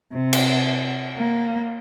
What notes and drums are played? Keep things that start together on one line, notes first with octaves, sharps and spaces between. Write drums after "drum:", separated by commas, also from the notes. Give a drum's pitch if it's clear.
C3
drum: cymbal
A#3